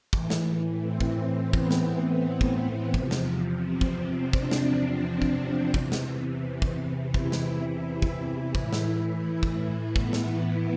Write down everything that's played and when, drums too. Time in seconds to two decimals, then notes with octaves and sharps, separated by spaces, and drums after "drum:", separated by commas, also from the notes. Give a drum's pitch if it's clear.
0.13 A2 E3, drum: kick
0.30 drum: snare
0.83 C4
1.00 drum: kick
1.18 C4
1.53 B3, drum: kick
1.71 drum: snare
1.88 B3
2.41 drum: kick
2.94 E2 C3 F3, drum: kick
3.11 drum: snare
3.64 C4
3.81 drum: kick
4.33 D4, drum: kick
4.51 drum: snare
5.04 C4
5.22 drum: kick
5.74 E2 C3 E3, drum: kick
5.92 drum: snare
6.62 drum: kick
7.14 E4, drum: kick
7.32 drum: snare
8.02 drum: kick
8.55 A2 E3 E4, drum: kick
8.73 drum: snare
9.25 E4
9.43 drum: kick
9.96 B3, drum: kick
10.13 drum: snare